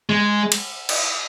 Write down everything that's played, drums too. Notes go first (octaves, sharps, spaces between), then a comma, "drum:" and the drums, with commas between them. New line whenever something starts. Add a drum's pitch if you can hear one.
G#3
drum: cymbal
drum: cymbal